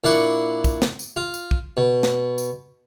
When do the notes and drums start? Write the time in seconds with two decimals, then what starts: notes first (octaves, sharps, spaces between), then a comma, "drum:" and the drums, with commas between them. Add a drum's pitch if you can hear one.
0.04 A#2 D4 E4 F#5 C#6
0.64 drum: kick, tambourine
0.82 drum: snare
0.99 drum: tambourine
1.16 F4
1.34 drum: tambourine
1.51 drum: kick
1.77 B2
2.03 drum: snare
2.38 drum: tambourine